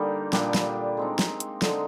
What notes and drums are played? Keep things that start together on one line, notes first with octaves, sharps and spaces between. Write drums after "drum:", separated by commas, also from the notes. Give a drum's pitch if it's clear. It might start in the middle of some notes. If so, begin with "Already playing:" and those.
Already playing: D3 G3 A#3 D#4
A#2 G3 D4 G4, drum: snare
drum: snare
G#3 C4 D#4
drum: snare
drum: hi-hat
D3 G#3 D#4, drum: snare